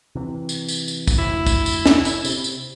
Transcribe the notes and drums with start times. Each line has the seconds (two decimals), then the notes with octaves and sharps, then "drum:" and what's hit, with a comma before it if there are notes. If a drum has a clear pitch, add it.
0.15 C3 E3
0.49 drum: tambourine
0.68 drum: tambourine
0.88 drum: tambourine
1.07 drum: kick, tambourine
1.18 F1 D2 E4
1.47 drum: kick, tambourine
1.66 drum: tambourine
1.86 drum: snare
2.05 drum: tambourine
2.25 C3, drum: tambourine
2.44 drum: tambourine